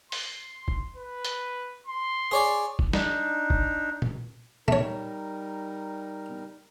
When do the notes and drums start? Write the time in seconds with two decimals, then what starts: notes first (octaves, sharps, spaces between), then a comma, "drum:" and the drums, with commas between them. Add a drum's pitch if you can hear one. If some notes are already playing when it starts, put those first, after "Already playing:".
0.12 C6, drum: open hi-hat
0.68 drum: kick
0.97 B4
1.25 drum: hi-hat
1.87 C6
2.31 G#4 C#5 D5
2.79 drum: kick
2.93 D4 D#4, drum: snare
3.50 drum: kick
4.02 drum: tom A#2
4.68 G3 A3 D#4 A#4 C#5, drum: tom A#2